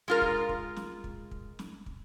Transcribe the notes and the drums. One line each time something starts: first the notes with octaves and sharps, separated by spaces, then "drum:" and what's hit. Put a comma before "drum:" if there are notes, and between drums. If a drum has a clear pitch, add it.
G#3 F4 A#4
drum: kick
drum: kick
drum: snare
drum: kick
drum: kick
drum: snare
drum: kick